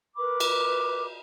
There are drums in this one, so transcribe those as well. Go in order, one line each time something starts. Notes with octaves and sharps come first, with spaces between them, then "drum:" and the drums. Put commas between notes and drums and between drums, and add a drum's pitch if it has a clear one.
A#4 B4 B5 D6
drum: cymbal